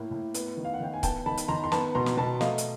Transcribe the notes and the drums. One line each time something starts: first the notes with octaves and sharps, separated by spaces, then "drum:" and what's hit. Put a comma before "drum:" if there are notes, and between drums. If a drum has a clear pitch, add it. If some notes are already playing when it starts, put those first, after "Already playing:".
Already playing: A2 A#3
A2
B3, drum: hi-hat
D#3
F5
F#5
D#3 G5
G#5
B3 G5 A5, drum: kick C#1, hi-hat
D#3 A5 B5
drum: hi-hat
D#3 A#5 C6
C6
B3 A5 B5, drum: snare
B2 A#5 C6
drum: snare
B2 A5 B5
A3 D#5 F5, drum: snare
drum: hi-hat